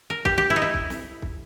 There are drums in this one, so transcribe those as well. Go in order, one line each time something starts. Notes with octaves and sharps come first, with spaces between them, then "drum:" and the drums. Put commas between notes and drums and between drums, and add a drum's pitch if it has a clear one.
A#4
G4, drum: kick C2
G4
E4
D#4
E4
drum: kick C2
drum: snare
drum: kick C2